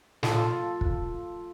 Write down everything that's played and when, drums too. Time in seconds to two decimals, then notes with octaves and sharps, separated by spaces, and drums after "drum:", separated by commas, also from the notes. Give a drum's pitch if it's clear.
0.23 F4 A4, drum: snare
0.81 drum: kick